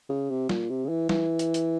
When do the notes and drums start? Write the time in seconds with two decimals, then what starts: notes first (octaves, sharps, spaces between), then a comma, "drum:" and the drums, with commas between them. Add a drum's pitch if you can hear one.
0.09 C#3
0.30 C3
0.49 A#2, drum: snare G3
0.70 C3
0.85 C#3
0.89 E3
1.09 E3, drum: snare G3
1.39 drum: hi-hat
1.54 drum: hi-hat